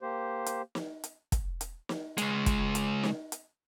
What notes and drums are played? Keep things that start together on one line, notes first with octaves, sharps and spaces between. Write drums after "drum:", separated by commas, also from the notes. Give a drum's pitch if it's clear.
A#3 G4 C5
drum: hi-hat
drum: snare
drum: hi-hat
drum: kick, hi-hat
drum: hi-hat
drum: snare
C#2 G#3, drum: hi-hat
drum: kick, hi-hat
drum: hi-hat
drum: snare
drum: hi-hat